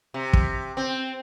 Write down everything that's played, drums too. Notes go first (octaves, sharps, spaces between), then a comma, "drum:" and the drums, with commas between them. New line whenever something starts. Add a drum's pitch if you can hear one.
C3
drum: kick
C4